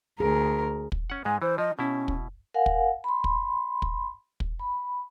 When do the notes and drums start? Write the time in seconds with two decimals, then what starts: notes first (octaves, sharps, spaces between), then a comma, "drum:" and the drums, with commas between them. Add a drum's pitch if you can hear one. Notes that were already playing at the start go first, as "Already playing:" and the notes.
0.20 D2 G#4 A#4
0.92 drum: kick
1.10 C#4 F#5
1.25 G#2 G#3 G#5
1.42 E3 C5
1.58 F3 D#5
1.79 B2 C#4 E4
2.08 drum: kick
2.54 A#4 F5 F#5 G#5
2.66 drum: kick
3.04 B5 C6
3.24 drum: kick
3.82 drum: kick
4.40 drum: kick
4.59 B5